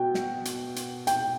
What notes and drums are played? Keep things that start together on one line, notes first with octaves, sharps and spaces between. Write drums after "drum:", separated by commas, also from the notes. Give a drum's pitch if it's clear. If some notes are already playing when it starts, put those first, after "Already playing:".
Already playing: B2 G5
drum: snare
drum: hi-hat
drum: hi-hat
G5, drum: hi-hat